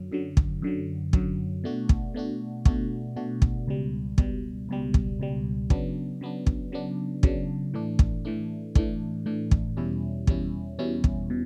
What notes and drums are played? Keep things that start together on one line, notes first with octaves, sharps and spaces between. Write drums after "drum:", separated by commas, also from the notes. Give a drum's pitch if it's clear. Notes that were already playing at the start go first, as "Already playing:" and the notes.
Already playing: F#2 D3 F#3
F#2 D3 F#3
drum: kick
F#2 D3 F#3
F#2 D3 F#3, drum: kick
B2 A3 D4 F#4
drum: kick
B2 A3 D4 F#4
B2 A3 D4 F#4, drum: kick
B2 A3 D4 F#4
drum: kick
C#2 B2 G3
C#2 B2 G3, drum: kick
C#2 B2 G3
drum: kick
C#2 B2 G3
C#3 F#3 B3 D4, drum: kick
C#3 F#3 B3 D4
drum: kick
C#3 F#3 B3 D4
C#3 F#3 B3 D4, drum: kick
A2 E3 A3 D4
drum: kick
A2 E3 A3 D4
A2 E3 A3 D4, drum: kick
A2 E3 A3 D4
drum: kick
E2 B2 G3 C#4 E4
E2 B2 G3 C#4 E4, drum: kick
E2 B2 G3 C#4 E4
drum: kick
B2